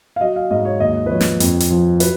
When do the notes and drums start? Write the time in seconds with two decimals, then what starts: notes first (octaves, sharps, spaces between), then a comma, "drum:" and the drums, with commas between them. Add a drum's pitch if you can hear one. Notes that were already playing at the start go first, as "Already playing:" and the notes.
0.16 F5
0.21 F#3 D#5
0.36 F5
0.51 G#2 D#5
0.65 C#5
0.80 D#2 D#5
1.06 B4
1.10 F3 C#5
1.21 drum: snare
1.40 F2, drum: hi-hat
1.60 drum: hi-hat
1.70 F3
2.00 F#3 B4, drum: hi-hat